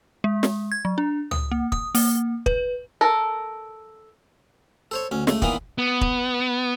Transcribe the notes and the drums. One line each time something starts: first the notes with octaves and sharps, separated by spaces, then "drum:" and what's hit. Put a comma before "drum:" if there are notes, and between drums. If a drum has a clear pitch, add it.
G#3
drum: snare
G#6
F#3
D4
D#6, drum: tom C#2
A#3
D#6, drum: kick
A#3, drum: open hi-hat
B4, drum: kick
A4 A#4
A4 C5 C#5
D2 C#4
C#2 A3, drum: snare
A#2 D#3 E3 A#3 B3, drum: kick
B3
drum: kick